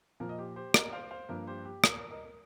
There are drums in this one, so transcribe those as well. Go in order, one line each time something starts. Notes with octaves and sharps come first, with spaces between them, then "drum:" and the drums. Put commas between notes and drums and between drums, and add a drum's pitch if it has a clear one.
A#2 F3 A#3 A#4
D#5
G4 C5
G4 C5
A#4 D#5, drum: rim click
C5 F5
C5 F5
G2 F3 A#3 A#4
G4 C5
G4
A#4, drum: rim click
A#4
A#4 D#5
A#4